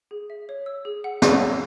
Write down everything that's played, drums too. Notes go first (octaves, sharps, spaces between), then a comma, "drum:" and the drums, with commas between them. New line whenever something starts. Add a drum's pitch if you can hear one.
G#4
E5
C#5
E6
G#4
F#5
C#5, drum: snare
E6